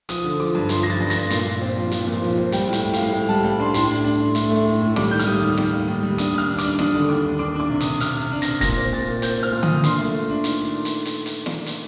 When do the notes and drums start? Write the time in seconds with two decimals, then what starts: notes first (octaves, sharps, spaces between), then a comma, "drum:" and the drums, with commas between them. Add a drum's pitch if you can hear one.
0.09 F3 D#6, drum: hi-hat
0.24 D3
0.39 F3 D6
0.55 G2
0.69 F3 C6, drum: hi-hat
0.83 F3 A#6
0.90 A6
1.00 G2
1.10 A#6, drum: hi-hat
1.16 G2
1.30 A#2 C6, drum: hi-hat
1.46 A#2
1.60 C4
1.77 F3
1.91 F3, drum: hi-hat
2.07 A#2
2.22 F3
2.37 C4
2.52 G3 G5, drum: hi-hat
2.67 A2
2.73 G5, drum: hi-hat
2.83 A2
2.94 A2 F5, drum: hi-hat
3.13 A2 G5
3.29 G3 A5
3.44 G3 G5
3.59 D4 C6
3.74 A2 C6, drum: hi-hat
3.90 D4
4.04 D4
4.20 A2
4.35 A3, drum: hi-hat
4.51 A3
4.66 A2
4.81 A2
4.96 G3 D6, drum: snare
5.11 D#3 G6
5.19 F6, drum: hi-hat
5.27 G3 D#6
5.42 D#2
5.58 D#2, drum: snare
5.72 D#2
5.88 D#2
6.03 G3
6.18 D4 D#6, drum: hi-hat
6.33 D#2 F6
6.48 D4
6.58 D6, drum: hi-hat
6.64 D4
6.79 D4 D#6, drum: snare
6.94 D3
7.09 D#2 D6
7.25 D#2
7.39 D4 D6
7.55 D4 D6
7.70 C3
7.80 D#6, drum: hi-hat
7.86 C3
8.00 C3 F6, drum: hi-hat
8.16 C3
8.32 D4
8.42 A#6, drum: hi-hat
8.47 C3
8.61 A#2 A#6, drum: kick, hi-hat
8.76 C4
8.92 A#2 A6
9.08 A#2
9.22 C4 G6, drum: hi-hat
9.38 C4 F6
9.53 A#2
9.63 D#6, drum: tom D3
9.68 A#2
9.84 D4 C6, drum: hi-hat
9.98 A3
10.14 A3
10.30 D4
10.44 D#3, drum: hi-hat
10.85 drum: hi-hat
11.05 drum: hi-hat
11.26 drum: hi-hat
11.46 drum: snare
11.66 drum: hi-hat